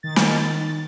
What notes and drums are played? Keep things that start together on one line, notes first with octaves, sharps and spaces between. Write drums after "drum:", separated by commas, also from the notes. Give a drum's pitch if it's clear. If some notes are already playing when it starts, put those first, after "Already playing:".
D#3 A6
drum: snare